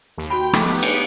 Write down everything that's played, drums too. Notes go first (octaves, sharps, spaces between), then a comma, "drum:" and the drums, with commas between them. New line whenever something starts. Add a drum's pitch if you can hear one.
D#2
F#4 G5 B5
F3 G#3 A3 D6, drum: rim click
B3 D#4 G4
drum: cymbal